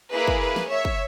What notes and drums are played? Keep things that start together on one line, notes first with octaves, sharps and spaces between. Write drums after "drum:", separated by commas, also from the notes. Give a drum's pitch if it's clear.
A#3 E4 G#4 B4
drum: kick
B4
drum: snare
C#5 E5
drum: kick